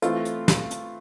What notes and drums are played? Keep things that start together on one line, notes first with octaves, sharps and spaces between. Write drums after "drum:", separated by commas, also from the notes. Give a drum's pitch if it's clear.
E3 A3 C4 F4, drum: hi-hat
drum: hi-hat
drum: snare
drum: hi-hat